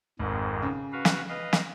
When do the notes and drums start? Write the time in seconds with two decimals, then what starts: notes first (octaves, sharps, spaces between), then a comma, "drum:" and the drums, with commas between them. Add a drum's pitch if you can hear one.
0.19 G#1 F2 G#2
0.62 C#3
0.92 F#4 B4 F5
1.05 drum: snare
1.29 B4 D#5 F5
1.53 drum: snare